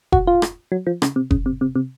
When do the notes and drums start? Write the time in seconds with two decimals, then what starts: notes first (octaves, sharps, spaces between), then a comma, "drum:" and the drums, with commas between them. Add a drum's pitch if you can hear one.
0.12 F#4, drum: kick F1
0.27 F4
0.42 drum: rim click
0.72 F#3
0.87 F3
1.02 C#3, drum: rim click
1.16 C3
1.31 C#3, drum: kick F1
1.46 C3
1.61 C3
1.75 C3